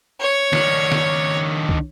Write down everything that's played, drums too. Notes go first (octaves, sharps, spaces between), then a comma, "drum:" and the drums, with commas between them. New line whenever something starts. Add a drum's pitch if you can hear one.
C#5
D#3 D4, drum: snare
drum: snare
drum: kick